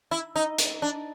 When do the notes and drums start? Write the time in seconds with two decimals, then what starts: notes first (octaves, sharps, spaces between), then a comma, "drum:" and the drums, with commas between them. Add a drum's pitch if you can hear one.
0.11 E4
0.36 D#4
0.58 drum: hi-hat
0.82 D4